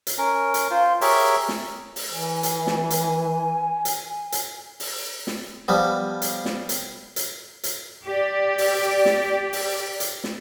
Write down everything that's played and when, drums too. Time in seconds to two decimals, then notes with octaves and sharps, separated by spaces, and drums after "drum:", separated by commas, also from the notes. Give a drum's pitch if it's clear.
0.07 drum: hi-hat
0.18 C#4 A#4
0.54 drum: hi-hat
0.71 F4 C5
1.01 G4 G#4 A#4 C#5 E5, drum: open hi-hat
1.49 drum: snare
1.96 drum: open hi-hat
2.12 E3 G#5
2.43 drum: hi-hat
2.67 drum: snare
2.90 drum: hi-hat
3.85 drum: hi-hat
4.32 drum: hi-hat
4.80 drum: open hi-hat
5.27 drum: snare
5.68 F3 G3 B3
6.22 drum: hi-hat
6.45 drum: snare
6.69 drum: hi-hat
7.16 drum: hi-hat
7.64 drum: hi-hat
8.05 G4 D5
8.58 drum: open hi-hat
9.05 drum: snare
9.53 drum: open hi-hat
10.00 drum: hi-hat
10.24 drum: snare